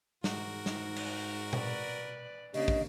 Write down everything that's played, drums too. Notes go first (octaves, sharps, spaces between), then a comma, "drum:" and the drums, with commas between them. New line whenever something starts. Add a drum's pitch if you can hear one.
G#2 F#4 A#4, drum: snare
drum: snare
drum: cymbal
B4 D5, drum: tom A#2
C#3 A#3 D4 G4 D#5, drum: open hi-hat
drum: kick